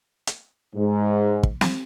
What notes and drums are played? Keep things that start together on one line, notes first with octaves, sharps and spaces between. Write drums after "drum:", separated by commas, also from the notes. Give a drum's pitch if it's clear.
drum: hi-hat
G#2
drum: kick
drum: snare